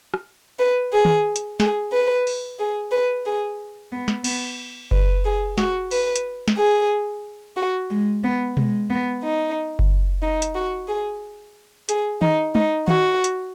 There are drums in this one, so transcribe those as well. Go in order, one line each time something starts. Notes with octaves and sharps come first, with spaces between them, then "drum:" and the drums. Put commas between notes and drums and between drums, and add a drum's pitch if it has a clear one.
drum: rim click
B4
G#4
drum: tom D#3
drum: hi-hat
G#4, drum: snare
B4
drum: open hi-hat
G#4
B4
G#4
B3
drum: snare
B3, drum: cymbal
B4, drum: kick F#1
G#4
F#4, drum: snare
B4, drum: open hi-hat
drum: hi-hat
drum: snare
G#4
F#4
G#3
B3
G#3, drum: tom B2
B3
D#4
drum: kick F#1
D#4
drum: hi-hat
F#4
G#4
G#4, drum: hi-hat
D#4, drum: tom D#3
D#4, drum: tom
F#4, drum: tom D#3
drum: hi-hat